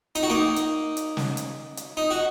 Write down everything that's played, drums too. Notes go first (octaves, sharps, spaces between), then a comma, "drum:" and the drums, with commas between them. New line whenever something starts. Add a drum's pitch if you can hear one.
D#4, drum: hi-hat
F#4
A#3 D#4
drum: hi-hat
drum: hi-hat
drum: snare
drum: hi-hat
drum: hi-hat
D#4
F#4